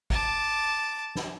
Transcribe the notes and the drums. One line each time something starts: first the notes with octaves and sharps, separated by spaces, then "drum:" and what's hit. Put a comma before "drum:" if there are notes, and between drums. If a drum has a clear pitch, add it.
A5 D6, drum: kick G#1
drum: snare